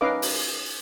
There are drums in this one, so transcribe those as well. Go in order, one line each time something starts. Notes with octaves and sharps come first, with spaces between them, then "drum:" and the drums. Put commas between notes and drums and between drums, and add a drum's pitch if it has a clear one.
C#4 D#4 B4 D#5 F5 D6
drum: open hi-hat